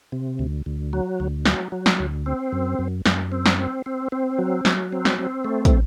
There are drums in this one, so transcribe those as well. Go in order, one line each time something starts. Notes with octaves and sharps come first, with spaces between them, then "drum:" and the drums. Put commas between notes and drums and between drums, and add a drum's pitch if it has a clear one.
C3
D2
D2
F#3
D2
F#3, drum: snare
F#3
drum: snare
D2
C4
F#2
F#2
F#2, drum: snare
C4
drum: snare
C4
C4
C4
F#3
F#3, drum: snare
C4
drum: snare
C4
A3
drum: kick, hi-hat